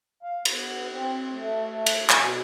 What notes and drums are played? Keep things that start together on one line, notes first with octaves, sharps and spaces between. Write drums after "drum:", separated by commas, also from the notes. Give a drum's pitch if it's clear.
F5
B3, drum: cymbal
C4
A3
drum: cymbal
B2, drum: clap